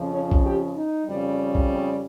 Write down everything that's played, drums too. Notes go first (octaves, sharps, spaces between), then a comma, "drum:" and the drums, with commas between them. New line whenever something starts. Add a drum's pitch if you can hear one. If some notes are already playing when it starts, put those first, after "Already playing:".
Already playing: F2 C#3 F3
C#4
drum: kick B1
G4
D#4
F2 C#3 G3
drum: kick B1
C4